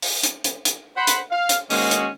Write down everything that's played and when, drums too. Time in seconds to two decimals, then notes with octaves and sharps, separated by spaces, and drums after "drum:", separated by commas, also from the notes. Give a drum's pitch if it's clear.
0.02 drum: open hi-hat
0.23 drum: hi-hat
0.44 drum: hi-hat
0.65 drum: hi-hat
0.96 C5 F#5 B5
1.07 drum: hi-hat
1.31 F5
1.49 drum: hi-hat
1.70 D#3 G#3 A#3 C#4 F#4 G#4, drum: open hi-hat
1.91 drum: hi-hat